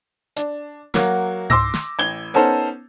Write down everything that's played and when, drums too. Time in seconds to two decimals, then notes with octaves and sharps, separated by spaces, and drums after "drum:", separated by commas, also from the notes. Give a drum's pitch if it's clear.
0.36 D4, drum: hi-hat
0.94 F#3 A#3 F#4, drum: snare
1.50 C6 D6 E6 A#6, drum: tom G#2
1.74 drum: snare
1.99 A1 G#6 G7
2.34 B3 C#4 D#4 A4 C5